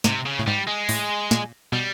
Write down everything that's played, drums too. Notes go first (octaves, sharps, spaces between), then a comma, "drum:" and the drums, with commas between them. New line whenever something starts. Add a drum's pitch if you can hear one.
G#2 C3, drum: snare
C#3
A2
G#2 G3
G#3
A2, drum: open hi-hat
A#2, drum: snare
B2 G3